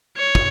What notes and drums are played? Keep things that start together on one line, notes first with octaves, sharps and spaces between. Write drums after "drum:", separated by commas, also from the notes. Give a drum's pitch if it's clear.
C#5
drum: kick